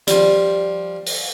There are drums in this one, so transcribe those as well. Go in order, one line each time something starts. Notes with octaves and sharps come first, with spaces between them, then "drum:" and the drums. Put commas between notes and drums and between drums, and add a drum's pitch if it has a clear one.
F3 G3, drum: hi-hat
drum: open hi-hat